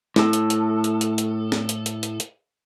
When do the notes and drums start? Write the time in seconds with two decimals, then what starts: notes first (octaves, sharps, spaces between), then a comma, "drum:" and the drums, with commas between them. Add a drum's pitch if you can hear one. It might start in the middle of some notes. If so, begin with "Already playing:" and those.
0.16 A2 A4, drum: snare
0.33 drum: hi-hat
0.50 drum: hi-hat
0.84 drum: hi-hat
1.01 drum: hi-hat
1.18 drum: hi-hat
1.52 drum: snare
1.69 drum: hi-hat
1.86 drum: hi-hat
2.03 drum: hi-hat
2.20 drum: hi-hat